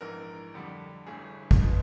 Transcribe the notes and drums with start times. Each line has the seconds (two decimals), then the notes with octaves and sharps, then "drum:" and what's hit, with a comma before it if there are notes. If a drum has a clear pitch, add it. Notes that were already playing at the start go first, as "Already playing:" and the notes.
0.01 A#1 G#2 E3 A#4
0.54 F2 D3 G3
1.07 G1 G2 E3 A3 G#4
1.51 drum: kick
1.60 C#3 F3 G#3 B3